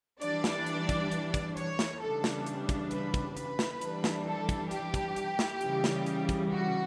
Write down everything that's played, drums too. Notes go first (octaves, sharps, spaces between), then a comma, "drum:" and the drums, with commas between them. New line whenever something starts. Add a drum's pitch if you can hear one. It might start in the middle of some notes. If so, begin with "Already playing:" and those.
E3 G3 D4 D5, drum: hi-hat
drum: snare
drum: hi-hat
drum: kick, hi-hat
drum: hi-hat
drum: kick, hi-hat
C#5, drum: hi-hat
drum: snare
C#3 E3 G3 D4 A4
drum: snare
drum: hi-hat
drum: kick, hi-hat
B4, drum: hi-hat
drum: kick, hi-hat
B4, drum: hi-hat
drum: snare
E3 G3 D4, drum: hi-hat
drum: snare
A4
drum: kick, hi-hat
G4, drum: hi-hat
drum: kick, hi-hat
drum: hi-hat
drum: snare
C#3 E3 G3, drum: hi-hat
drum: snare
drum: hi-hat
drum: kick, hi-hat
F#4